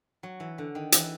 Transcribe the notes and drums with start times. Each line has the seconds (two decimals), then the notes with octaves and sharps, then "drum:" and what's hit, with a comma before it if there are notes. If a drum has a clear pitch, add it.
0.23 F#3
0.40 E3
0.58 D3
0.75 D#3
0.92 E3, drum: hi-hat